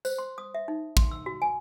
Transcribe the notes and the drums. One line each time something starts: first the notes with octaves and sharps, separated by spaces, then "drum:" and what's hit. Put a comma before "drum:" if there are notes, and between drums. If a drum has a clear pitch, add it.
C5, drum: tambourine
C6
D#6
E5
D#4
C6, drum: kick
E6
F#4
G#5